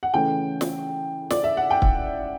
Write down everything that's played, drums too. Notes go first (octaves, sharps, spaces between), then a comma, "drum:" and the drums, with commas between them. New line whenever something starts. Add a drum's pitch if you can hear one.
F#5
C#3 E3 A3 C#4 G5
drum: snare
D5, drum: snare
E5
F#5
G5
drum: kick